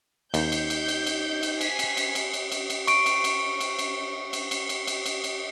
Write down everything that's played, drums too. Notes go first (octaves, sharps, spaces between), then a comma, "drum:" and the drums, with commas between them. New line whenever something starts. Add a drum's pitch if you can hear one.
D#2 D#4 G6, drum: cymbal
drum: cymbal
drum: cymbal
drum: cymbal
drum: cymbal
drum: cymbal
G#5 B6 C7, drum: cymbal
drum: cymbal
drum: cymbal
drum: cymbal
drum: cymbal
drum: cymbal
drum: cymbal
C#6 D7, drum: cymbal
drum: cymbal
drum: cymbal
drum: cymbal
drum: cymbal
drum: cymbal
drum: cymbal
drum: cymbal
drum: cymbal
drum: cymbal
drum: cymbal